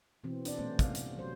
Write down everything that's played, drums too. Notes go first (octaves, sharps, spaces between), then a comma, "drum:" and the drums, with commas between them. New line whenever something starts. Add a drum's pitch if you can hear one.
B2 E3 C4
D4 D5, drum: hi-hat
A#2 G3 A3 B3 C#4 C5
C3 F5, drum: kick, hi-hat
drum: hi-hat
F#3 C5